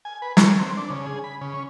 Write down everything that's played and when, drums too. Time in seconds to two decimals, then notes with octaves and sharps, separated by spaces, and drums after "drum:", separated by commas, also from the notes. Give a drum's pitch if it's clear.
0.05 G#5
0.22 B4
0.37 C#5, drum: snare
0.60 C4
0.77 D4
0.90 C#3
1.06 G#4
1.24 B5
1.41 C#3
1.54 C#4